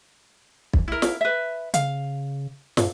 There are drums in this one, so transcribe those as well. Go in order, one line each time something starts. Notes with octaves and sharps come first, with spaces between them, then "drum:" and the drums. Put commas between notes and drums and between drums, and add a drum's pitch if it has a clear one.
drum: kick
E4 A#4
drum: snare
B4 E5
C#3 F5, drum: hi-hat
G2, drum: snare